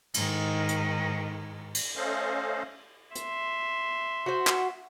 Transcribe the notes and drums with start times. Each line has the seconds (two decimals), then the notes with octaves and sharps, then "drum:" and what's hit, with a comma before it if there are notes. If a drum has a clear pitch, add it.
0.14 G#2 D#3, drum: cymbal
0.69 drum: hi-hat
1.75 drum: cymbal
1.96 A3 C#4 A4 C5 D#5 F5
3.15 E5 C6, drum: hi-hat
4.26 F#4 C5
4.47 drum: clap